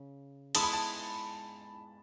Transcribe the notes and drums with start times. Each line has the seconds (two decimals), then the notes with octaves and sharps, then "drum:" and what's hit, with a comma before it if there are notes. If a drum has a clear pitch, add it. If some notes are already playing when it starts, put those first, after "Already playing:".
Already playing: C#3
0.55 G#3 B3 E4 B4 E5 A5, drum: cymbal
0.63 B5
0.73 A5